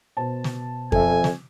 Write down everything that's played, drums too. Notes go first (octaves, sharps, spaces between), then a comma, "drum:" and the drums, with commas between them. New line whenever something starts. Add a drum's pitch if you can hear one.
B2 C5 A5
drum: snare
F2 A4 E5 G#5, drum: kick F2
drum: snare